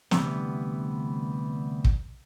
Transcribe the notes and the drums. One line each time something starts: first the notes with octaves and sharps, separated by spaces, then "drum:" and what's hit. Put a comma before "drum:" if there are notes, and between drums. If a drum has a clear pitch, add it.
D2 C3 E3 G3 B3, drum: snare
drum: kick